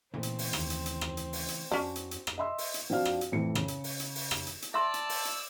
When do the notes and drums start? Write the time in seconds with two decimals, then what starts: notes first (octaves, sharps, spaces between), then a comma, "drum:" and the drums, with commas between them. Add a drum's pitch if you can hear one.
0.14 A#2 C#3 E3 A3 C4 C5
0.23 drum: hi-hat
0.39 drum: open hi-hat
0.53 D#2, drum: rim click
0.70 drum: hi-hat
0.86 drum: hi-hat
1.01 drum: rim click
1.17 drum: hi-hat
1.33 drum: open hi-hat
1.48 drum: hi-hat
1.71 F2 C#4 D4 F#4
1.96 drum: hi-hat
2.11 drum: hi-hat
2.27 drum: rim click
2.38 D#5 E5 B5 C6 E6
2.58 drum: open hi-hat
2.74 drum: hi-hat
2.90 F3 C4 D4 F#4 F5 F6
3.05 drum: rim click
3.21 drum: hi-hat
3.32 F2 A2 E3 C#7
3.55 C#3, drum: rim click
3.68 drum: hi-hat
3.84 drum: open hi-hat
4.00 drum: hi-hat
4.15 drum: open hi-hat
4.31 drum: rim click
4.47 drum: hi-hat
4.62 drum: hi-hat
4.74 D5 E5 A5 C6 E6
4.94 drum: hi-hat
5.09 drum: open hi-hat
5.25 drum: hi-hat